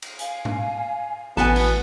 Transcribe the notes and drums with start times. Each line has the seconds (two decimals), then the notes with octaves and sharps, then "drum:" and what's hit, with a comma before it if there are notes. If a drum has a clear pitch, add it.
0.02 drum: cymbal
0.19 F5 G#5, drum: hi-hat
0.45 drum: tom G#2
1.37 A1 B2 B3 G#5 A5, drum: snare
1.56 drum: cymbal